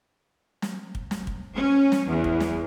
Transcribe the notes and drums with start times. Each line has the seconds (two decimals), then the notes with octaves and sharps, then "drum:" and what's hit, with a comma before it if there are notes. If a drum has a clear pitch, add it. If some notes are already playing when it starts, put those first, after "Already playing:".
0.62 drum: snare
0.95 drum: kick
1.11 drum: snare
1.27 drum: kick
1.54 C#4
1.92 drum: snare
2.08 E2
2.24 drum: kick
2.40 drum: snare